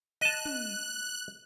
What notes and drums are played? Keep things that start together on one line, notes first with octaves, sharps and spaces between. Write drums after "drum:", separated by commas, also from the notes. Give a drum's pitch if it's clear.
D#5 A5 F#6
drum: tom